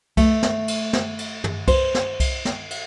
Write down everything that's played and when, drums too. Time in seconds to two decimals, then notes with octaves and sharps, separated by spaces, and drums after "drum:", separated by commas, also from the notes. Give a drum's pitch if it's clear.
0.17 A3, drum: kick C2, cymbal
0.43 drum: snare
0.68 drum: cymbal
0.93 drum: snare
1.19 drum: cymbal
1.44 drum: tom
1.68 C5, drum: kick C2, cymbal
1.94 drum: snare
2.20 drum: kick C2, cymbal
2.45 drum: snare
2.70 drum: cymbal